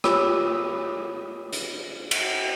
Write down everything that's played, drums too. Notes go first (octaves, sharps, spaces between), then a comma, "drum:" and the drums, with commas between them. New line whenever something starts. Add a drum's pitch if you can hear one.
F4 G4 C#5 B5 D6 E6, drum: rim click
drum: hi-hat
drum: cymbal